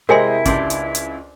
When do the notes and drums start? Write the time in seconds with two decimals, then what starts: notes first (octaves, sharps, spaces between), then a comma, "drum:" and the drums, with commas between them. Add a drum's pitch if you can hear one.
0.09 C3 G#3 E4 A#4 C5 D#5 G#5 C6
0.45 C#2 D4 C5 D5, drum: kick, hi-hat
0.70 drum: hi-hat
0.95 drum: hi-hat